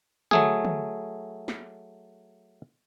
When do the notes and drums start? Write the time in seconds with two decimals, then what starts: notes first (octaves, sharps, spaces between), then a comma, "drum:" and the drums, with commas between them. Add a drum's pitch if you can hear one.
0.31 F#3 A3 G#4, drum: tom
0.65 drum: tom
1.48 drum: snare